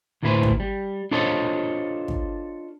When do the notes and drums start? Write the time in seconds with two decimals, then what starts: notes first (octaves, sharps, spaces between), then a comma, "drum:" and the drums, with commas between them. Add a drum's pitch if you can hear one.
0.23 D2 A2 A#3 E4 B4 C5
0.43 drum: kick
0.60 G3
1.11 D4 F4 A4 C5 C#5 D#5
2.08 drum: kick